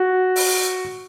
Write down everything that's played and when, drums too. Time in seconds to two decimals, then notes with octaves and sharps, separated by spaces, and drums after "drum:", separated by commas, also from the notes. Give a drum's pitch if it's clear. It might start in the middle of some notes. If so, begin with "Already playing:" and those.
Already playing: F#4
0.36 drum: open hi-hat